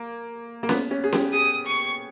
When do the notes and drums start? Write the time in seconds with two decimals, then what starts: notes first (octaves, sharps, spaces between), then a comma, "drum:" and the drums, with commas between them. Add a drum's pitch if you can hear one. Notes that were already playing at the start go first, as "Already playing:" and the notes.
Already playing: A#3
0.63 A#3
0.69 B3, drum: snare C#4
0.91 C#4
1.04 G#4
1.13 G4, drum: snare C#4
1.33 G#4 D#6
1.66 C#6